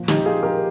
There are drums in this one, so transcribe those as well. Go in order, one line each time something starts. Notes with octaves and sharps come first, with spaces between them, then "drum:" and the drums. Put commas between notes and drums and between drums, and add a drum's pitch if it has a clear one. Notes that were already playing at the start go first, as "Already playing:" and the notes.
Already playing: A#2 F3
D#4 G4, drum: snare
F4 G#4
G4 A#4